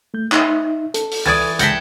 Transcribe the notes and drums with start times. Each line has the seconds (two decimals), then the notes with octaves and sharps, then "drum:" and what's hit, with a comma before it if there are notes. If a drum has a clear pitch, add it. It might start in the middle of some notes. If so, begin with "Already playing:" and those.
0.14 A3 G6
0.32 D#4 E5, drum: clap
0.94 A4, drum: hi-hat
1.11 drum: open hi-hat
1.26 E3 D5 D#6 G#6 A6
1.59 C#3 G#3 F#5 G5 A5 G6 A#6 B6, drum: hi-hat